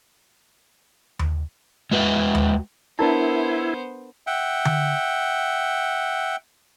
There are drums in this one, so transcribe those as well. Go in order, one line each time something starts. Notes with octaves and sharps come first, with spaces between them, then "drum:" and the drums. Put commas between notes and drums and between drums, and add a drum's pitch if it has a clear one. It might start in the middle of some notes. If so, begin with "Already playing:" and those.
drum: tom D#2
G#3 F#4 B4
drum: tom D#2
B3 D4 E4 A#4 C5 A5
E5 F#5 G5
drum: tom D3